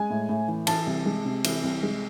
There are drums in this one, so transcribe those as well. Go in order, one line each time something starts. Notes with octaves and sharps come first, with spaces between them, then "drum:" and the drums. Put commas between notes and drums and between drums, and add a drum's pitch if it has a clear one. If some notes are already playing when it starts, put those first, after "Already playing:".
Already playing: G#3 G#5
A2
A2
E3
E3 A5, drum: cymbal
C2
G#3
C3
E3, drum: cymbal
C2
G#3